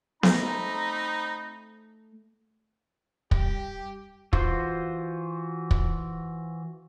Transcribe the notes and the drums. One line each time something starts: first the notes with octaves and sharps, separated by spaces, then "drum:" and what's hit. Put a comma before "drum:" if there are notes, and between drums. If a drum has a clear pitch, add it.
A3 C4 D#4 A#5 B5, drum: snare B3
G3 G4, drum: kick
E3 F4 F#4 C5, drum: kick
drum: kick